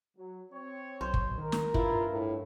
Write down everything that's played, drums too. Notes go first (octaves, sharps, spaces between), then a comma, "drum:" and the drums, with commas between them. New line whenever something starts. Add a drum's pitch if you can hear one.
F#3
C4 C#5
B1 C5
drum: kick
D#3 A#4
drum: snare
G2 E4 F4, drum: kick
A2